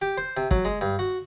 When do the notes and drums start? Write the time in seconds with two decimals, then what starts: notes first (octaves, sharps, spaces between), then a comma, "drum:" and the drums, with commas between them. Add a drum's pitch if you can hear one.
0.02 G4
0.18 C5
0.37 C3
0.51 F#3, drum: kick
0.65 G#3
0.81 G2
0.99 F#4